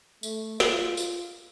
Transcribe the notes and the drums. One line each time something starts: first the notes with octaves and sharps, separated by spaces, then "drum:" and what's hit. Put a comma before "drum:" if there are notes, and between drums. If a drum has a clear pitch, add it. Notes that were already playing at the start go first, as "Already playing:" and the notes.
A3, drum: tambourine
F4, drum: snare
drum: tambourine